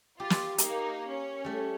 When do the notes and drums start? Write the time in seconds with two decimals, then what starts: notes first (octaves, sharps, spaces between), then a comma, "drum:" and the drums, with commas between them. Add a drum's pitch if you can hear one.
0.20 F4 G4 A6
0.30 drum: snare
0.58 A#3 D#4, drum: hi-hat
1.08 C#4
1.45 G3 A3